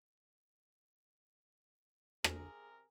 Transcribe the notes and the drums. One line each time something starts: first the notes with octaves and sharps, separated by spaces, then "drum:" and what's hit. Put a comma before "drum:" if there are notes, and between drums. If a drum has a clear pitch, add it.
C3 G#4 A#4, drum: rim click